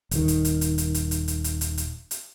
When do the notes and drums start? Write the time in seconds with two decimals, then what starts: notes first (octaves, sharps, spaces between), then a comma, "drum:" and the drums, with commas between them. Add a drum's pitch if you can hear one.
0.11 D#1 D#3, drum: hi-hat
0.28 drum: hi-hat
0.45 drum: hi-hat
0.61 drum: hi-hat
0.78 drum: hi-hat
0.94 drum: hi-hat
1.11 drum: hi-hat
1.28 drum: hi-hat
1.44 drum: hi-hat
1.61 drum: hi-hat
1.78 drum: hi-hat
2.11 drum: hi-hat